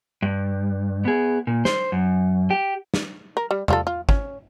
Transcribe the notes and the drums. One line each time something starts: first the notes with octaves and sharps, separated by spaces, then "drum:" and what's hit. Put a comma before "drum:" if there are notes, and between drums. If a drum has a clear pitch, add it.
G2
B3 G#4
A#2
C5, drum: snare
F#2
G4
drum: snare
A#4
G3
G3 F4 A4, drum: tom E2
F4
C#4, drum: kick